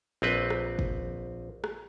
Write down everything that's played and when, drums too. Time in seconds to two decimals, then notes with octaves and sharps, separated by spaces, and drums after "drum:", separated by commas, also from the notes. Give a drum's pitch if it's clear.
0.22 A#1 C4 B4
0.50 drum: rim click
0.79 drum: kick
1.64 drum: rim click